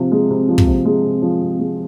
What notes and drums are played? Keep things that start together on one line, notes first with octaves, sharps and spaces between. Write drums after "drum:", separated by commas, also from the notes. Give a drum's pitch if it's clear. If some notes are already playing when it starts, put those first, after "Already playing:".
Already playing: C3 F3
G#3
C3
F3
drum: kick
C3
G#3
C3
F3
C3
G#3